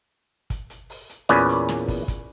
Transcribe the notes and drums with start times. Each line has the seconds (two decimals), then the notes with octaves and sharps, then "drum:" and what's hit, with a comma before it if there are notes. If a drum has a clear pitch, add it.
0.50 drum: kick, hi-hat
0.70 drum: hi-hat
0.90 drum: open hi-hat
1.09 drum: hi-hat
1.29 E2 A#2 C#4 B4 D5, drum: snare
1.49 drum: hi-hat
1.69 drum: snare
1.88 drum: kick, open hi-hat
2.08 drum: kick, hi-hat